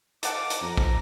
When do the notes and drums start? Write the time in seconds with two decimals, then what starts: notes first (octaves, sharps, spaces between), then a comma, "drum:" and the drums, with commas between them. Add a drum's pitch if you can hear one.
0.23 A4 D#5 F5 F#5 A5 D6, drum: hi-hat
0.50 drum: hi-hat
0.62 F2 A#5
0.77 drum: kick